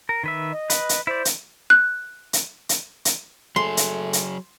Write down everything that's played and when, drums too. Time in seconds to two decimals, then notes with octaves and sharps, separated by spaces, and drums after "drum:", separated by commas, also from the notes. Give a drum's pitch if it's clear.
0.09 A#4
0.24 D#3 B4 E5
0.52 D#5
0.70 B4, drum: hi-hat
0.89 drum: hi-hat
1.07 E4 C5 D5
1.25 drum: hi-hat
1.70 F#6
2.33 drum: hi-hat
2.69 drum: hi-hat
3.05 drum: hi-hat
3.56 F#3 A3 G#4 C6
3.77 drum: hi-hat
4.13 drum: hi-hat